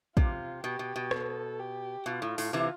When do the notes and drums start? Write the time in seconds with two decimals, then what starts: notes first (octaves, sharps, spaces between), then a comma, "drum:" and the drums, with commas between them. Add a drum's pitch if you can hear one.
0.17 C3 F4, drum: kick
0.64 B2 G4
0.79 B2
0.96 B2
1.11 A4, drum: rim click
1.59 G4
2.06 B2 F4
2.22 A2
2.38 A2, drum: open hi-hat
2.53 C3 E3